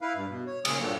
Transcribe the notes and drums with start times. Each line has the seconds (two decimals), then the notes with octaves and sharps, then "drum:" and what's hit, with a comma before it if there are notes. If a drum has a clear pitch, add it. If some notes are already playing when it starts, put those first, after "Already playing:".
0.01 E4 B4 F5
0.15 G2
0.29 B2
0.46 C#5
0.65 A#2 C#3 G#3 G#4 D#6, drum: cymbal
0.80 G2 A#2 F#3 A3 A#3